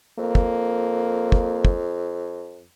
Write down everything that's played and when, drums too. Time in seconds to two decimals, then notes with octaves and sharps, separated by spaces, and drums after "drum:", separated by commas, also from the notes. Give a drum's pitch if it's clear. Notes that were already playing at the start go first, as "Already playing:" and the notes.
0.19 F2 A#3
0.35 drum: kick
1.32 drum: kick
1.65 drum: kick